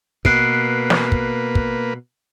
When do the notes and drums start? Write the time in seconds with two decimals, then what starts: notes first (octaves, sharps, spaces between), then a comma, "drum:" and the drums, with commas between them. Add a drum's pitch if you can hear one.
0.25 B2 A#3 B4 F#6 C7 D7, drum: kick
0.90 drum: snare
1.12 drum: kick
1.55 drum: kick